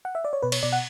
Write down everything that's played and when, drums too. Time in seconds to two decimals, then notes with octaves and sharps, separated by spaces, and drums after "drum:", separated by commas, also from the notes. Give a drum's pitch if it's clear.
0.05 F#5
0.15 E5
0.25 D5
0.33 C#5
0.42 B2 B4
0.52 C#5, drum: cymbal
0.63 B2 D5
0.72 F#5